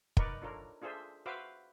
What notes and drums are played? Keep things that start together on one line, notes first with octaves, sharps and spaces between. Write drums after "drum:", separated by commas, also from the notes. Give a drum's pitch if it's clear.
D#4 A#4 B4 D5 C#6, drum: kick
D4 F4 A4 A#4 C#5
D4 F4 G#4 A4 C5 E5
F#4 B4 C5 E5 F5 D6